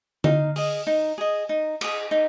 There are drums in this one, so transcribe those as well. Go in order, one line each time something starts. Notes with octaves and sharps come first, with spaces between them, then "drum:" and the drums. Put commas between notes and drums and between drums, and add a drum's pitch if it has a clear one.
D#4 F5, drum: tom D3
G#4 D#5, drum: open hi-hat
D#4
G#4 D#5
D#4
G#4 D#5, drum: cymbal
D#4